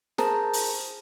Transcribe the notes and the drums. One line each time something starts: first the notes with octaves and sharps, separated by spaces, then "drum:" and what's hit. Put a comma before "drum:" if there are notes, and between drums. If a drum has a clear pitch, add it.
G#4 A#4 C5 A5 A#5, drum: snare
drum: open hi-hat